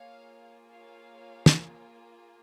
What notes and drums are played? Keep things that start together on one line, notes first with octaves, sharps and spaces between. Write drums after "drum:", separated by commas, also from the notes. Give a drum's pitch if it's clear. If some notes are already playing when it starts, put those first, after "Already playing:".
Already playing: A#3 F4 G#4 C#5 F5
C#5 F5
drum: snare